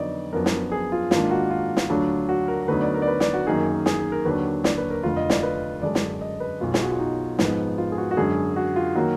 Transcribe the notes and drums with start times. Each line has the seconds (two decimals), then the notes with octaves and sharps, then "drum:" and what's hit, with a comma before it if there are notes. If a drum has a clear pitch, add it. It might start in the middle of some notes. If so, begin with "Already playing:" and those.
Already playing: F2 D3 F#3 B3 D#4 D5 D#5
0.33 F#2 F3 B3 D4 A#4
0.46 drum: snare
0.72 G#4
0.92 F4
1.11 G#2 D#3 A#3 D4 F4, drum: snare
1.31 F#4
1.51 F4
1.77 drum: snare
1.89 D2 D3 F#3 D4
2.29 F#4
2.48 A#4
2.68 D2 D3 F#3 B3 D#4 B4
2.81 D5
2.94 A#4
3.02 D5
3.08 B4
3.20 D5, drum: snare
3.34 F#4
3.47 F#2 D#3 A#3 D#4 G#4
3.86 G#4, drum: snare
3.99 G#4
4.12 A#4
4.25 D#2 D3 F#3 D4 B4
4.64 D5, drum: snare
4.78 B4
4.90 A#4
5.03 F1 F2 D3 F4
5.17 D#5
5.30 D5, drum: snare
5.43 B4
5.82 F#2 D3 G#3 D4 D5
5.95 drum: snare
6.21 D#5
6.40 B4
6.61 B1 B2 F#3 F4
6.74 G#4, drum: snare
6.83 F#4
6.91 F4
6.99 D#4
7.39 G#1 G#2 F3 G#3 B3, drum: snare
7.78 F4
7.92 G#4
7.98 F#4
8.11 F#4
8.17 F#2 D3 G#3 D4 G#4
8.56 F#4
8.76 F4
8.95 D#3 F#3 A#3 F#4